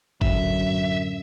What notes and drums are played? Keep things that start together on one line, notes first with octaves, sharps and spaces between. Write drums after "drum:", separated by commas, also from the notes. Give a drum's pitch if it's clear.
F#2 A2 D3 E5, drum: kick G1